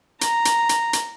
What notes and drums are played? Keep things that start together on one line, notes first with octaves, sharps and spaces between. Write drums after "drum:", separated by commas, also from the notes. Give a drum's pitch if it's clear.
A#5, drum: hi-hat
drum: hi-hat
drum: hi-hat
drum: hi-hat